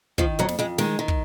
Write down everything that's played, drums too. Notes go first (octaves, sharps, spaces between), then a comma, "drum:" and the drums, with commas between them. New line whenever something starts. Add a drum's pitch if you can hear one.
D#3 F3, drum: kick
F2 F#3
drum: snare
F2 G#3
D#3 G#3, drum: snare
D#3
drum: kick